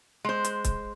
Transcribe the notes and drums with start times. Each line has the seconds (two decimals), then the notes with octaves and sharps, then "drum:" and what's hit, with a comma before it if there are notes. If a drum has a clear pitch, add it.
0.25 G#3 C5
0.45 drum: hi-hat
0.64 drum: kick C#1, hi-hat